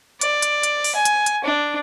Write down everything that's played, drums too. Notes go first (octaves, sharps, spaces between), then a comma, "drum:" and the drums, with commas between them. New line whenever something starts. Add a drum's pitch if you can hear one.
D5, drum: hi-hat
drum: hi-hat
drum: hi-hat
drum: open hi-hat
G#5
drum: hi-hat
drum: hi-hat
D4